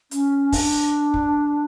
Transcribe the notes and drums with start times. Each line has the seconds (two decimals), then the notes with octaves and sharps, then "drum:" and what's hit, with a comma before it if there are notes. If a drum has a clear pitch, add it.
0.11 C#4, drum: hi-hat
0.52 D4, drum: kick, open hi-hat
1.14 drum: kick